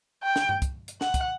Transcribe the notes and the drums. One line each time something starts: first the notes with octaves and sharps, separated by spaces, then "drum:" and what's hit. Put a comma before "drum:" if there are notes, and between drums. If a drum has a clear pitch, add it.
G5
drum: snare
drum: tom G2
drum: kick, hi-hat
drum: hi-hat
F#5, drum: snare
drum: kick, hi-hat